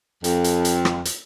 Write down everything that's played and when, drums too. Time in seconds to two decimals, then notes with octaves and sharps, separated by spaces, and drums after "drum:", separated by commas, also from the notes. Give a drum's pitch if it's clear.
0.24 F2, drum: hi-hat
0.44 drum: hi-hat
0.65 drum: hi-hat
0.85 drum: rim click
1.05 drum: hi-hat